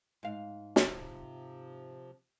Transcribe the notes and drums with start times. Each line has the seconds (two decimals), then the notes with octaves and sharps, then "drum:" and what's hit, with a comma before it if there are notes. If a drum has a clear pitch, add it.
0.23 G#2 F5
0.76 C3 F3, drum: snare